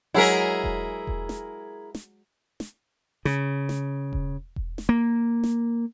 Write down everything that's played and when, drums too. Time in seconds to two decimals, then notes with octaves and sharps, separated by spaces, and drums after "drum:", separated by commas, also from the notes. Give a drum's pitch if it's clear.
0.14 F#3 G#3 E4 G#4 A#4
0.64 drum: kick E1
1.07 drum: kick E1
1.29 drum: snare
1.95 drum: snare
2.60 drum: snare
3.25 C#3, drum: snare
3.69 drum: snare
4.13 drum: kick E1
4.56 drum: kick E1
4.78 drum: snare
4.89 A#3
5.44 drum: snare